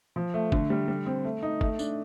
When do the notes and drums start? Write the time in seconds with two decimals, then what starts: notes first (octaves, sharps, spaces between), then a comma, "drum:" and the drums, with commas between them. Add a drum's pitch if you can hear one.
0.16 F3
0.34 A3
0.52 D3, drum: kick
0.70 G3
0.88 G3
1.06 C4
1.24 A3
1.43 D#4
1.61 A3, drum: kick
1.79 D4, drum: tambourine